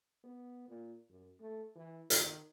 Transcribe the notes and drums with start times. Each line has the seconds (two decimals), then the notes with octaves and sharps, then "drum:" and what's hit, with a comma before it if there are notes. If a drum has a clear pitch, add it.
0.24 B3
0.68 A#2
1.10 F#2
1.40 A3
1.76 E3
2.10 D#3, drum: hi-hat